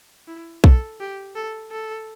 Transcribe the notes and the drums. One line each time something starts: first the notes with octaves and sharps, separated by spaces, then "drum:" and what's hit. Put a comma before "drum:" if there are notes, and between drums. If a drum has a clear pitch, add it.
E4
A4, drum: kick B1
G4
A4
A4